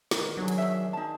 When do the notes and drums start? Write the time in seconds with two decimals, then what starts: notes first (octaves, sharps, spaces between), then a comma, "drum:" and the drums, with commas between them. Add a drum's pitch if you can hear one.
0.11 D#3 A#4 B4, drum: snare
0.37 D#3 F#3 D4 G#4
0.48 drum: hi-hat
0.58 C#4 E5
0.93 D#4 A5